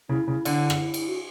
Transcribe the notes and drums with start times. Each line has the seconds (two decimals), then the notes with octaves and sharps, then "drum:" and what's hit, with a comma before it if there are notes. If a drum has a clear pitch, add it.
0.09 C#3 E4
0.28 C#3 E4
0.45 D3, drum: cymbal
0.70 drum: rim click
0.94 drum: cymbal
1.08 F#4